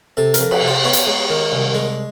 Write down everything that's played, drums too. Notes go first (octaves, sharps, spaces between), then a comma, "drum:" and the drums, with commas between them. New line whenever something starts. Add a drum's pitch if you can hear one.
C3 A4
A#4, drum: hi-hat
F2
B4, drum: cymbal
C3
C5
B3 C#5
drum: hi-hat
G#3
D#3
C2
G#3